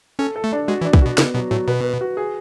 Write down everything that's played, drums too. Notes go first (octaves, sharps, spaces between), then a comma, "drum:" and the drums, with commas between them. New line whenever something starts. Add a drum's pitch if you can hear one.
C#4 A4
A4
A3
D4
G#3 F#4
E3
D4
E3, drum: kick
B2 F#4
C#3 B3, drum: snare
B2 F#3
A2 F#3
B2 B4
B4
F#4
G#4